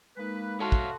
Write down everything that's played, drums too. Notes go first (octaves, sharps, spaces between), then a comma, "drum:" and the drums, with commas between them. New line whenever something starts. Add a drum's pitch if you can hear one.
G#3 A#3 D#4 B4
F#4 A4 C#5 E5 F5 A5 C6
drum: kick